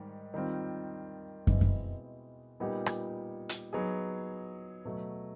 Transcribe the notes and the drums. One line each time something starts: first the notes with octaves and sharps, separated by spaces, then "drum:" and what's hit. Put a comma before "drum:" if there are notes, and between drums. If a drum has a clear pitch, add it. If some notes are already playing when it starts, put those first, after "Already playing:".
Already playing: G#2 D#3 G3
D#3 G3 C4 F4
B2 G#3 C4 E4, drum: kick
drum: kick
A#2 G3 B3 D#4 G4
drum: rim click
drum: hi-hat
F#3 B3 D#4 G#4
B2 F#3 A3